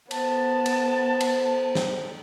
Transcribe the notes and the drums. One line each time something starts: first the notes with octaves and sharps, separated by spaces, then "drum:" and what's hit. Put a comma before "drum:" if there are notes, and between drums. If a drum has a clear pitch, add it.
B3 C5 A5, drum: cymbal
drum: cymbal
drum: cymbal
drum: snare